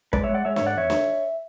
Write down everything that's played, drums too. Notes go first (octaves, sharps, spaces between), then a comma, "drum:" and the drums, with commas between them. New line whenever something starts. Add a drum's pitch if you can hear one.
G#3 B4 D5, drum: kick
C#5 E5
G#3
D5 F#5
G#3 C#5 E5
G#2 C#5 E5, drum: snare
D5 F#5
E2 C#5 E5
drum: snare